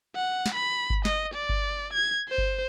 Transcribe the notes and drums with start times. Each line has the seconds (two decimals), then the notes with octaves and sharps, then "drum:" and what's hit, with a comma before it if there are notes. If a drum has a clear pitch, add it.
0.16 F#5
0.46 drum: snare
0.55 B5
0.90 drum: kick G1
1.05 D#5, drum: snare
1.34 D5
1.49 drum: kick G1
1.94 G#6
2.29 C5
2.38 drum: kick G1